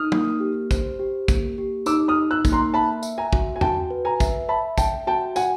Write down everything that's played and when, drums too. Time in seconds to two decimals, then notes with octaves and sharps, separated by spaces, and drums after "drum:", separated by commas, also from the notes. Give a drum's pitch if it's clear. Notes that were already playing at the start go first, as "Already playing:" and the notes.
Already playing: D#4 D#6 F6
0.12 A#3, drum: tom
0.40 G4
0.71 C5, drum: kick, tambourine
0.99 G4
1.28 A#3, drum: kick, tambourine
1.58 G4
1.86 D#4 D6 E6, drum: tambourine
2.08 D#6 F6
2.16 D#4
2.31 E6 F#6
2.45 A#3, drum: kick, tambourine
2.52 A#5 C6
2.74 E5 A5 B5
3.03 E5, drum: tambourine
3.18 G#5 A#5
3.33 F#4, drum: kick
3.56 G#5
3.61 F#4 G5 A5, drum: tom E2
3.91 B4
4.05 G#5 A#5
4.20 E5, drum: kick, tambourine
4.49 E5 A5 B5
4.78 E5 G5 A5, drum: kick, tambourine
5.07 F#4 G5 A5
5.36 F#4 F#5 G#5, drum: tambourine